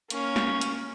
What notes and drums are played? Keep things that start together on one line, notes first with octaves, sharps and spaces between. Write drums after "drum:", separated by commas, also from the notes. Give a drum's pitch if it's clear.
A#3 C#4, drum: hi-hat
drum: snare
drum: hi-hat